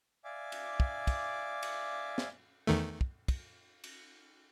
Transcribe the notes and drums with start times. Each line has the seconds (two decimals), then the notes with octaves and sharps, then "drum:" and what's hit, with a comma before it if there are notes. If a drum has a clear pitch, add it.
0.24 D5 E5 F5 G#5 D6
0.52 drum: cymbal
0.80 drum: kick
1.07 drum: kick, cymbal
1.63 drum: cymbal
2.18 drum: snare
2.67 E2 D#3 A3
3.01 drum: kick
3.28 drum: kick, cymbal
3.84 drum: cymbal